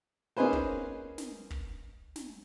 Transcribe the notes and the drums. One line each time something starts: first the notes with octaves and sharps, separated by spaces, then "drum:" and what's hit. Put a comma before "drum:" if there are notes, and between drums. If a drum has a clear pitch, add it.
A#3 C#4 D#4 G#4 B4 C5
drum: kick
drum: snare
drum: kick
drum: snare